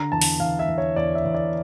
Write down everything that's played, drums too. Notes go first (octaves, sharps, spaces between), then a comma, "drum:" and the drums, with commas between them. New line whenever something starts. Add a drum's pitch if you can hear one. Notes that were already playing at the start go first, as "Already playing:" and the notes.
Already playing: D3 A#5
E2 A5
drum: open hi-hat
E2 F5
E5
E2
C#5
E2 D5
E5
E2
D5